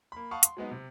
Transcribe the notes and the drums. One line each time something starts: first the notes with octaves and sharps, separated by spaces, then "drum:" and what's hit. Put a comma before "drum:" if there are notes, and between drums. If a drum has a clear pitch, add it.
A#3 B5
F5 F#5 A5 C#6 D#6
C6, drum: hi-hat
F#3 G#3 B3 D#4
C3